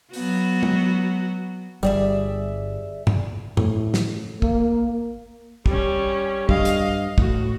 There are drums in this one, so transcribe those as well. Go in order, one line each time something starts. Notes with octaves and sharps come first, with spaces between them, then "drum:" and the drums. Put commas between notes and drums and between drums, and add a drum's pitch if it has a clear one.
F#3 B3 F#4, drum: open hi-hat
drum: tom
G1 G3 G#4 D5 E5
drum: tom G2
A2, drum: tom G2
drum: snare
A#3, drum: kick
G3 C#4, drum: kick
G2 G3 D#5 F5, drum: kick
drum: hi-hat
A2 F#4, drum: kick